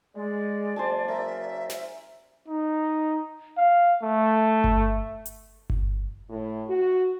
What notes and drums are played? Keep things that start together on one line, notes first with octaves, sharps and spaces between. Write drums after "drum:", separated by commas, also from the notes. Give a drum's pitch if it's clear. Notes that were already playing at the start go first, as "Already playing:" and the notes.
G#3 D5
F#1 C5 G#5 A5
A#4 E5
drum: snare
D#4
F5
A3
drum: kick G1
drum: hi-hat
drum: kick G1
A2
F#4